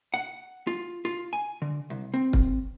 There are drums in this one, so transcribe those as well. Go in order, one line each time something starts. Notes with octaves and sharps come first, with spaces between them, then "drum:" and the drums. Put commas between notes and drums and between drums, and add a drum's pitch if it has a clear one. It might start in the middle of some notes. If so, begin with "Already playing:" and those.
F#5
F4
F4
G#5
D3
C2
C4
drum: kick